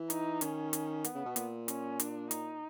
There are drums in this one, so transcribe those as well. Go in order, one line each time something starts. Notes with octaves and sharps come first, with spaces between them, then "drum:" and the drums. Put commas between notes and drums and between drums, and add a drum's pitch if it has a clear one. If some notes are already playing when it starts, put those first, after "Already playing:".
Already playing: E3
D#4, drum: hi-hat
D#3 C#4, drum: hi-hat
drum: hi-hat
B3, drum: hi-hat
C#3
B2
A#2, drum: hi-hat
C#4, drum: hi-hat
D4, drum: hi-hat
D#4, drum: hi-hat